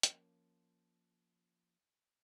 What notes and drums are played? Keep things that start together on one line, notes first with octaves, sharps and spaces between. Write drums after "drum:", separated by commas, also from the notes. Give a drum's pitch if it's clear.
F3 A#3 C#4, drum: hi-hat